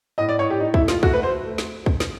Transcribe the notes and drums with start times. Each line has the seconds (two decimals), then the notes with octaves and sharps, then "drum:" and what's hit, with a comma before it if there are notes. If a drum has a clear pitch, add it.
0.18 A2 D#5
0.29 D5
0.39 A2 C#5
0.50 G4
0.60 A2 D#4
0.74 E4, drum: kick
0.81 A3
0.88 F4, drum: snare
1.03 A3 F#4, drum: kick
1.13 B4
1.23 A3 C5
1.44 A3
1.58 drum: snare
1.86 drum: kick
2.00 drum: snare